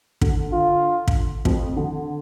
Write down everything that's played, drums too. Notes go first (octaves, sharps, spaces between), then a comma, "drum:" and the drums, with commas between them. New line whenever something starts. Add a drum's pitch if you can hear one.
D3, drum: kick
F4
drum: kick
F2 F3, drum: kick
D3